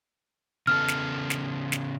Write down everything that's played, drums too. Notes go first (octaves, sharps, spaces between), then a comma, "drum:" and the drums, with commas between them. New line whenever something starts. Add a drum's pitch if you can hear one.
C#3 B3 A4 F6
drum: snare
drum: snare
drum: snare